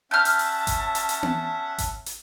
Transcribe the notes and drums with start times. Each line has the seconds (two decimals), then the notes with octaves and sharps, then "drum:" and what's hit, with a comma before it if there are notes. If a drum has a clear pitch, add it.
0.11 C#4 E5 F#5 A5 F6 G6
0.25 drum: hi-hat
0.39 drum: open hi-hat
0.67 drum: kick G#1, hi-hat
0.95 drum: hi-hat
1.09 drum: hi-hat
1.23 drum: tom B3
1.78 drum: kick G#1, hi-hat
2.06 drum: hi-hat